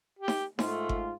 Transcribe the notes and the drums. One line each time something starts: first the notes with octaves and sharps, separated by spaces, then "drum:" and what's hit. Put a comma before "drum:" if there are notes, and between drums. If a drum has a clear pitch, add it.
G4
drum: snare D#4
G#2 A3 F4, drum: snare D#4
drum: kick G1